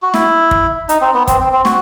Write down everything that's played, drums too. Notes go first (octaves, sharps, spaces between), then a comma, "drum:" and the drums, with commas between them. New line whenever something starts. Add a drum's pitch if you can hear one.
F#4
E4, drum: snare
drum: kick
D#4, drum: hi-hat
C4
B3
C4, drum: kick, hi-hat
C4
C4
F#4, drum: snare